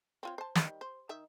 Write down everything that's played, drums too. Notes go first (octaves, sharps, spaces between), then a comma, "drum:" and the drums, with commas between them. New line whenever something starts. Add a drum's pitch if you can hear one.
C4 F4 C#5
C5 A5
D#3 G3 B5, drum: snare
C5
D#3 D#4 E5